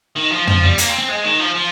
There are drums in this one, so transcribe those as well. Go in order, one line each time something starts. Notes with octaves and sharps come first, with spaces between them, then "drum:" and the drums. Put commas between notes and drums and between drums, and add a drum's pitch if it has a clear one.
D#3
F3
F3, drum: tom
G3
A#3, drum: hi-hat
C4
C4
G#3
D#3
F3
F3